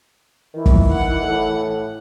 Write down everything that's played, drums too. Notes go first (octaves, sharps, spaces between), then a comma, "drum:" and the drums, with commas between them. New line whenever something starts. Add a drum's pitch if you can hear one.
D#3 E3
drum: kick
F#5
A2